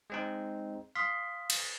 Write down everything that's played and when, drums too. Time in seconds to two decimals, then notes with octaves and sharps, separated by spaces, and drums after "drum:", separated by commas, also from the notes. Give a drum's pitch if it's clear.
0.10 G#3 C4 D#4
0.95 F5 C6 D#6 B6
1.50 drum: cymbal